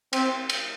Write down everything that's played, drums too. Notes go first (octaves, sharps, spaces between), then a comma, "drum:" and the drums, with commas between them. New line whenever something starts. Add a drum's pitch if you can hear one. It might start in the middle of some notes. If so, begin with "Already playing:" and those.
C4, drum: cymbal
drum: cymbal